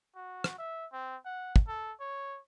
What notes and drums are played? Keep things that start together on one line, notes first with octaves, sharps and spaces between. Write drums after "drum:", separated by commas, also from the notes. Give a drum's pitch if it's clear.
F#4
drum: rim click
E5
C4
F#5
drum: kick
A4
C#5